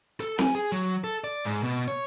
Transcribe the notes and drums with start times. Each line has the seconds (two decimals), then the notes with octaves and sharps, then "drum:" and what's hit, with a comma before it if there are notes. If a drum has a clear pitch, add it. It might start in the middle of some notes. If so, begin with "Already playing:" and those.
0.20 A4, drum: hi-hat
0.39 G#5, drum: snare C4
0.55 G#4
0.72 F#3
1.04 A4
1.24 D5
1.44 G#2
1.63 B2
1.88 C#5